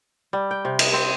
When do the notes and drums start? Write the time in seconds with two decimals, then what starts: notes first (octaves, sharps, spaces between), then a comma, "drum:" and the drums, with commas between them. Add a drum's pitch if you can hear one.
0.33 G3
0.51 G5
0.65 C3
0.79 D#5, drum: cymbal
0.94 C4